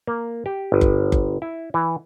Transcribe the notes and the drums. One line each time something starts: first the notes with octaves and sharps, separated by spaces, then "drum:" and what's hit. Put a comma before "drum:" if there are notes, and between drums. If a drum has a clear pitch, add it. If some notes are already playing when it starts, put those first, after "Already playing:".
A#3
G4
G1
drum: kick F#1
drum: kick F#1
E4
E3